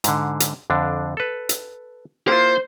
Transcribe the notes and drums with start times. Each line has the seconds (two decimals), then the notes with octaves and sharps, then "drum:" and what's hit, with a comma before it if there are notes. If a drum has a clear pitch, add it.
0.04 G#2 D3, drum: hi-hat
0.40 drum: hi-hat
0.70 F2 D3 D4
1.17 A4 B4
1.49 drum: hi-hat
2.28 A#3 E4 F4 C5